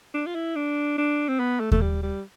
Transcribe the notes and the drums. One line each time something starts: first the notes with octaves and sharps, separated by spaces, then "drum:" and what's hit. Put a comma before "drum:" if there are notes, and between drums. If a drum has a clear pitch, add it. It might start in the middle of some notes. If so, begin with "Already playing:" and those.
D4
F4
E4
D4
D4
C4
B3
A3
A3, drum: kick D#2
G3
G3